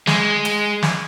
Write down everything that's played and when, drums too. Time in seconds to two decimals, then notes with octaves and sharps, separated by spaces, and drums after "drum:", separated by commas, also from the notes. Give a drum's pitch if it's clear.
0.07 G#3, drum: snare
0.45 drum: hi-hat
0.83 drum: snare